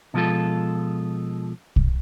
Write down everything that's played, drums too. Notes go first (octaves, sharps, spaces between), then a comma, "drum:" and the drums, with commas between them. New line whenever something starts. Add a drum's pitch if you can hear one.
B2 F3 G#3 F4 A4
drum: kick